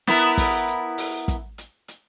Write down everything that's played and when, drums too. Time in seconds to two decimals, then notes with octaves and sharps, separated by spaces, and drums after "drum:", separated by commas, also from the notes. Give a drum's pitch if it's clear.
0.07 B3 E4 A#4, drum: snare
0.38 drum: kick, open hi-hat
0.68 drum: hi-hat
0.98 drum: open hi-hat
1.28 drum: kick, hi-hat
1.58 drum: hi-hat
1.88 drum: hi-hat